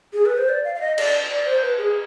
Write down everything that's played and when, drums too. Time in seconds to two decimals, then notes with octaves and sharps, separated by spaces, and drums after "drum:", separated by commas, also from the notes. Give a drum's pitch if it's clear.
0.13 G#4
0.25 B4
0.37 C5
0.49 D5
0.64 F5
0.75 F5
0.81 D#5
0.98 D5, drum: cymbal
1.30 D5
1.46 C5
1.62 B4
1.78 G#4